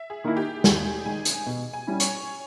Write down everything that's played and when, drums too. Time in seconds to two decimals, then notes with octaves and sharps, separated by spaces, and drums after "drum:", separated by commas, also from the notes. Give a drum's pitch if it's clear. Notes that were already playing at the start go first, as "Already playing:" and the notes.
Already playing: E5
0.10 G#4
0.24 D#3 A#3 E4
0.37 G4
0.64 D#2 G#4, drum: snare
1.05 D#3 G#3 G#5
1.25 drum: hi-hat
1.46 B2
1.73 G#5
1.87 G3 C#4 E4
2.00 C#5, drum: hi-hat